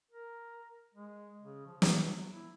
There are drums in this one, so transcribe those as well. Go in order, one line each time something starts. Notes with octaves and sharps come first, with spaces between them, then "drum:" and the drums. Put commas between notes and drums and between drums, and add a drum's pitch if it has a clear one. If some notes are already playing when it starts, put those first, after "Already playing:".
A#4
G#3
C#3
F3
B3, drum: snare
F#3
E4